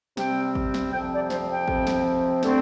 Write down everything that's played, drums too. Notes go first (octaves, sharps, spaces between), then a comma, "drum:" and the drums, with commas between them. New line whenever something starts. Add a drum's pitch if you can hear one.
C3 G3 C4 G5, drum: snare
drum: kick A1
drum: snare
F2 C3 F3 C4 G5
D5
C5, drum: snare
G5
F2 C3 F3 C4, drum: kick A1
drum: snare
D3 A3 C4, drum: snare